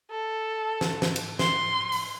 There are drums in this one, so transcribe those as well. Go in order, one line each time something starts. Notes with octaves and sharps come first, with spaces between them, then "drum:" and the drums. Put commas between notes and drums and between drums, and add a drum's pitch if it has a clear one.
A4
drum: snare
drum: snare
drum: cymbal
C6, drum: snare
drum: open hi-hat